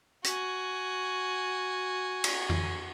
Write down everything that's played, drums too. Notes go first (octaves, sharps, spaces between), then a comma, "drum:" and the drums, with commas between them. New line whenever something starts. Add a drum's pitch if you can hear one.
F#4 G#5, drum: hi-hat
drum: cymbal
drum: tom F2